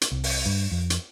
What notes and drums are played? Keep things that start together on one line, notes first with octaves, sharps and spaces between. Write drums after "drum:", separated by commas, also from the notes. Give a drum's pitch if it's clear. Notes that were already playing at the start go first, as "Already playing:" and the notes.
drum: hi-hat
C2
drum: open hi-hat
G2
F2
drum: hi-hat